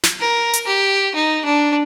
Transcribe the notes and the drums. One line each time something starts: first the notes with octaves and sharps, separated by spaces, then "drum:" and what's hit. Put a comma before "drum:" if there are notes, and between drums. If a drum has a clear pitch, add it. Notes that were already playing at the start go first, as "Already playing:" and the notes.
drum: snare
A#4
drum: hi-hat
G4
D#4
D4